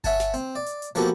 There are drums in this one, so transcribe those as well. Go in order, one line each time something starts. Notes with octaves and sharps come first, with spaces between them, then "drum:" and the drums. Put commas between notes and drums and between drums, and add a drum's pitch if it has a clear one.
C#5 E5 F#5 G#5 A5, drum: kick G1, hi-hat
drum: snare
C4, drum: hi-hat
D5
drum: hi-hat
drum: hi-hat
F3 A#3 B3 F#4 G4 A4, drum: hi-hat